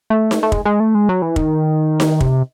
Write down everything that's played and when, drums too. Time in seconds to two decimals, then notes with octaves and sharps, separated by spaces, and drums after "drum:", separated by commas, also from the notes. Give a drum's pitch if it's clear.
0.10 A3
0.31 drum: snare D#4
0.43 A3
0.52 G#3, drum: kick
0.65 G#3
0.80 A3
0.95 G#3
1.09 F#3
1.22 E3
1.36 D#3, drum: kick
2.00 drum: snare D#4
2.20 C3, drum: kick